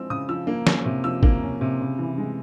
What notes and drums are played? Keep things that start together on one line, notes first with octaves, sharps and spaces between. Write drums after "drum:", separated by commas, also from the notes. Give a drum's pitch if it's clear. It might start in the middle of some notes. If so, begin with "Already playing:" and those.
Already playing: F3 G#3 C4 E6
C#3 D#6
F3 E6
A#3
C#4, drum: snare
C3
F3 E6
A#3, drum: kick
C#4
C3
C#3
E3
G#3